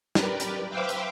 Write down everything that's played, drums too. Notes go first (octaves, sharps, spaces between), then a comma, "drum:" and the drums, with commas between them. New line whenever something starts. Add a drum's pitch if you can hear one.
G4 A#4 B4 D5, drum: snare
drum: hi-hat
B4 C5 E5 F5 G5 D6
drum: hi-hat